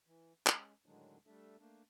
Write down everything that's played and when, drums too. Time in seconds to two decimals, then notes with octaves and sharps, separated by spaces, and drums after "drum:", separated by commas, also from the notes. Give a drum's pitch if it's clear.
0.07 E3
0.47 G#3 C#4, drum: clap
0.86 A2 D3 D#3 F#3 G#3 D4
1.27 G3 A3 D4 A4 E5
1.60 A3 A#3 D4